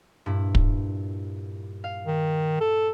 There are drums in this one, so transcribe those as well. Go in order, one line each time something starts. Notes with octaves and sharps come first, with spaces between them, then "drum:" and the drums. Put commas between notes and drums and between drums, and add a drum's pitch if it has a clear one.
G2 A#2 E4
drum: kick
F5
D#3
A4